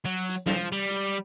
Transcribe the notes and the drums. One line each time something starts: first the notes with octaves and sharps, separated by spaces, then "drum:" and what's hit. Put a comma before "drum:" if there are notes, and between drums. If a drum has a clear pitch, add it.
F#3
drum: hi-hat
F3, drum: snare
G3
drum: hi-hat